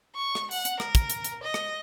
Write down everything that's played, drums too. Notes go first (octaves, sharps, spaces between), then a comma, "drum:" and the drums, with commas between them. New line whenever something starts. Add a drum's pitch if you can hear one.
C#6
drum: rim click
F#5, drum: open hi-hat
drum: hi-hat
A#4, drum: rim click
drum: kick, hi-hat
drum: hi-hat
drum: hi-hat
D#5
drum: rim click